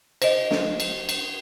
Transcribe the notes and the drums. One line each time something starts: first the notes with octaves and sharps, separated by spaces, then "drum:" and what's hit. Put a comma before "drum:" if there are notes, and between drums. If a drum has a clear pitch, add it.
C5 D#5, drum: cymbal
drum: snare
drum: cymbal
drum: cymbal